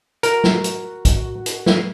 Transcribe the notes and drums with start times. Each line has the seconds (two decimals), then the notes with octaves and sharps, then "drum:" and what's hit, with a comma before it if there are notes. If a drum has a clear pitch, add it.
0.23 F#4 A#4, drum: hi-hat
0.44 drum: snare
0.64 drum: hi-hat
1.05 drum: kick, hi-hat
1.46 drum: hi-hat
1.66 drum: snare